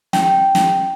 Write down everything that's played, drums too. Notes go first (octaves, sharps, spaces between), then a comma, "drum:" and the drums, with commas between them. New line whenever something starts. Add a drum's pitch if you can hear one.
G5, drum: snare
drum: snare